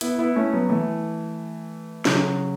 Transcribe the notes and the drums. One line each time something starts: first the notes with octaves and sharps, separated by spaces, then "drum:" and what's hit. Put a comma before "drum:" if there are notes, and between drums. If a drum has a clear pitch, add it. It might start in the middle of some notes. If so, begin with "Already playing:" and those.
B3 E4, drum: hi-hat
B3 E4
A3 C#4
F#3 B3
E3 A3
C#3 F#3, drum: snare